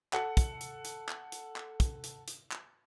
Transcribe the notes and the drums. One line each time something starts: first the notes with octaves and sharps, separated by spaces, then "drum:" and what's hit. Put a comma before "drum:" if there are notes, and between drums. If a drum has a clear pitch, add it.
A4 F#5, drum: clap
drum: kick, hi-hat
drum: hi-hat
drum: hi-hat
drum: clap
drum: hi-hat
drum: clap
drum: kick, hi-hat
drum: hi-hat
drum: hi-hat
drum: clap